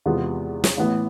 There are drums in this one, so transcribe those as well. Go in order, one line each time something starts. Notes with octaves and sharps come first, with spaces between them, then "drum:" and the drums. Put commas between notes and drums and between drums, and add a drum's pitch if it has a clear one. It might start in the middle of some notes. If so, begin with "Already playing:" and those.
E2 C3 G#3 B3 F4
drum: snare
A1 A2 E3 B3